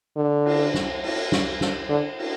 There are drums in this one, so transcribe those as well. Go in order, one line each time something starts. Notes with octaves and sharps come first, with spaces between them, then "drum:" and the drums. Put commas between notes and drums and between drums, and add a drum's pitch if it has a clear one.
D3
drum: cymbal
drum: snare
drum: cymbal
drum: snare
drum: snare
D3
drum: cymbal